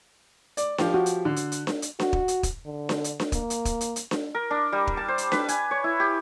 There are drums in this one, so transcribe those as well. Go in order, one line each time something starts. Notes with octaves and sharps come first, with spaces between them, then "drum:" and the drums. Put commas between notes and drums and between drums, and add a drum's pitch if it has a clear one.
D5, drum: hi-hat
F3 G4, drum: snare D4
F#4
drum: hi-hat
D3
drum: hi-hat
drum: hi-hat
drum: snare D4
drum: hi-hat
F#4, drum: snare D4
drum: kick
drum: hi-hat
drum: kick, hi-hat
D3
drum: snare D4
drum: hi-hat
drum: snare D4
A#3, drum: kick, hi-hat
drum: hi-hat
drum: kick, hi-hat
drum: hi-hat
drum: hi-hat
drum: snare D4
A#4
D4
G3
drum: kick
A5
C5
drum: hi-hat
B4, drum: snare D4
G#5, drum: hi-hat
C#5
E4
G4